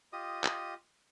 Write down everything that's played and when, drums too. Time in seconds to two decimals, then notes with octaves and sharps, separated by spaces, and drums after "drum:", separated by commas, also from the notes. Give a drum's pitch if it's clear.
0.13 F4 G4 D#5 D#6
0.44 drum: clap